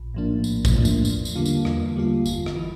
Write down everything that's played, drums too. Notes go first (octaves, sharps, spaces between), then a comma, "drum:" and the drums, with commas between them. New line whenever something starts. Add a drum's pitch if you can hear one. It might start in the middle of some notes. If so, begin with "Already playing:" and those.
Already playing: A#1
A2 F3 A#3 D4
A#1, drum: tambourine
drum: kick, tambourine
A2 F3 A#3 D4
drum: tambourine
E2, drum: tambourine
drum: tambourine
D3 G3 A#3 F4
drum: tambourine
E2, drum: rim click
D3 G3 A#3 F4
G1, drum: tambourine
drum: rim click
E3